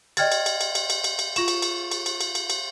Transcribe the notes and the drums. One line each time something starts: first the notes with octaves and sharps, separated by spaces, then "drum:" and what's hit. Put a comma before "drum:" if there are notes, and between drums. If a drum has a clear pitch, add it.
D5 D#5 G5 F6 G#6 A6, drum: cymbal
drum: cymbal
drum: cymbal
drum: cymbal
drum: cymbal
drum: cymbal
drum: cymbal
drum: cymbal
F4 C#6 E7, drum: cymbal
drum: cymbal
drum: cymbal
drum: cymbal
drum: cymbal
drum: cymbal
drum: cymbal
drum: cymbal